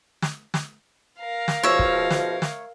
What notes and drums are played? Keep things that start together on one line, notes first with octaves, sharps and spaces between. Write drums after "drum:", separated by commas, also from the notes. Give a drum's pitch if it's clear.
drum: snare
drum: snare
A#4 F5
drum: snare
G#2 B2 F3 C#5 E5
drum: kick
drum: snare
drum: snare